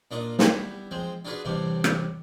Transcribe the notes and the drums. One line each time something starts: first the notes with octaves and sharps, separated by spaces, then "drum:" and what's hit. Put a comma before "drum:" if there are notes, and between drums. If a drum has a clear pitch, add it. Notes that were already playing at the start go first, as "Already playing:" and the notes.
A#2 D4 F4 D#5
G3 B3 E4, drum: snare
F3 G#3 C4
D4 F4 F#4 G#4 B4
E2 A2 C3 G3 D4
drum: rim click